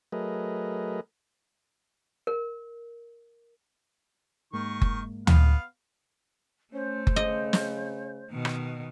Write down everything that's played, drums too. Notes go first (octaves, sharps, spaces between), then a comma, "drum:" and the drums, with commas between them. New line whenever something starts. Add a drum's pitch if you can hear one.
F#3 A3 G#4 A#4 B4 D#5
A#4
G#2 D#3 G#3 A#3 C#6
drum: kick F#1
B3 F5, drum: tom D2
A3 C#4 C5
drum: kick F#1
C#3 D#5
drum: snare
B2 D#3
drum: rim click